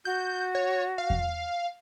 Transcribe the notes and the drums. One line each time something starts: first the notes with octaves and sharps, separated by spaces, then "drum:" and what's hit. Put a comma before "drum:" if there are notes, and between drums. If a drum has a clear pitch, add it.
F#4 G6
C#5
F5
drum: kick E2